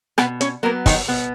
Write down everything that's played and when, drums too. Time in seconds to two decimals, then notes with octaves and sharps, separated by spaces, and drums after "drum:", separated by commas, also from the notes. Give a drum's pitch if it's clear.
0.18 B2 B3 B4, drum: rim click
0.41 C#4 C#5, drum: hi-hat
0.63 F#3 A#3 B3 A#4
0.86 D#3 D#4, drum: kick, open hi-hat
1.08 B2 B3